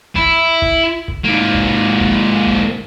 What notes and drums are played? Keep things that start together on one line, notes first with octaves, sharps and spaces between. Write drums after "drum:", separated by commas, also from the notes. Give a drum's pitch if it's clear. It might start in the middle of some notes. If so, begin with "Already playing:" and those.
E4, drum: kick
drum: kick
drum: kick
G#2 A#3
drum: kick
drum: kick
drum: kick